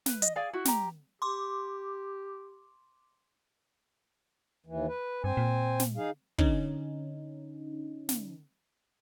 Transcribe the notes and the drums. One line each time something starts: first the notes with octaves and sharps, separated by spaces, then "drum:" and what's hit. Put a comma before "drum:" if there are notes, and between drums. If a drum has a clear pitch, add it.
B4, drum: snare
D#5, drum: hi-hat
G#4 D5 F5 G#5
E4 F#4
G4 A#5, drum: snare
G4 C6 D6
D#2 E3
B4
G2 C4 C5 G#5
A#2
drum: snare
D#4 G#4 F5
D3 C#4 D#4, drum: kick
drum: snare